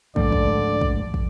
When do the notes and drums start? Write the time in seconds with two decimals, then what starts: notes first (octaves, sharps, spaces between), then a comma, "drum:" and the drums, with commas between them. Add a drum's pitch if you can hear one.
0.16 G#2 D3 F3 A3 D5, drum: kick
0.32 drum: kick
0.81 drum: kick
1.14 drum: kick